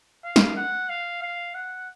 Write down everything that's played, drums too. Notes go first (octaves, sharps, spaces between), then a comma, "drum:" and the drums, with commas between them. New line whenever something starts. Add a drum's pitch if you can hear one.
F5
drum: snare
F#5
F5
F5
F#5